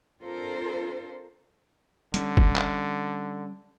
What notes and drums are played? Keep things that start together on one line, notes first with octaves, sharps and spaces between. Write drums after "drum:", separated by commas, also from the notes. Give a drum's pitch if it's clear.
C4 D4 F4 A4 A#4 C5
D3 G3 C4 C#4, drum: hi-hat
drum: kick
drum: clap